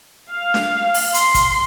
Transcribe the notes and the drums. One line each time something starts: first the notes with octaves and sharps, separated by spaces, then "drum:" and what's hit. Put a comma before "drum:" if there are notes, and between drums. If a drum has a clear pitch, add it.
F5
drum: snare D4
drum: open hi-hat
C6, drum: hi-hat
drum: kick, hi-hat